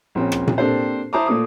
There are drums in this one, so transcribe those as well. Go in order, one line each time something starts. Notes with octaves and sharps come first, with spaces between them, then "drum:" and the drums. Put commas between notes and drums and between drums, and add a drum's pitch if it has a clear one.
A#1 C4 C#4
drum: rim click
drum: tom A#2
A#3 C4 D4 G4 A4 C5
E4 C5 A5 A#5 D6 D#6
A#2 A3 D6 D#6